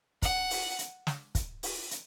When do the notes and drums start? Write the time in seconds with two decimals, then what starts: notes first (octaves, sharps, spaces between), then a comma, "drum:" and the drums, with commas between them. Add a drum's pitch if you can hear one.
0.22 F#5, drum: kick, hi-hat
0.50 drum: open hi-hat
0.79 drum: hi-hat
1.07 drum: snare
1.35 drum: kick, hi-hat
1.63 drum: open hi-hat
1.91 drum: hi-hat